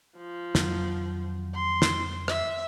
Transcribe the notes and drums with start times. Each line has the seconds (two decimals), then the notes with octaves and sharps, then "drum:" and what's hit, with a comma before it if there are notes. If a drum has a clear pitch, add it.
0.17 F3
0.55 F2 D#3 F#3, drum: snare
1.55 C6
1.82 drum: snare
2.28 E5, drum: rim click